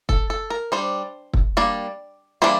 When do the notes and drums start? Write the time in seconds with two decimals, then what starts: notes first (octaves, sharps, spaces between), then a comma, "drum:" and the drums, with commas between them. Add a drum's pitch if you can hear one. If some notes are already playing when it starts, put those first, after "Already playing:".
0.09 A4, drum: kick
0.30 A4
0.50 A#4
0.72 G3 D4 C5
1.33 drum: kick
1.57 G3 A#3 D4 D5
2.42 E3 G3 A#3 D4 C5